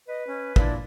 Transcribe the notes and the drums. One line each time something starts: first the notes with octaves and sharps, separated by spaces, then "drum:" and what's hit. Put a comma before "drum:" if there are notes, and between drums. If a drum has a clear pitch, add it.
B4 D#5
C#4
A#2 D4 E4, drum: kick